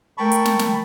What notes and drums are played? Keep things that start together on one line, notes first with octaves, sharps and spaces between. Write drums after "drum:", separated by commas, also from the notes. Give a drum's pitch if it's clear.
A3 A#4 G5 A5 B5 C#6
drum: hi-hat
drum: snare
drum: snare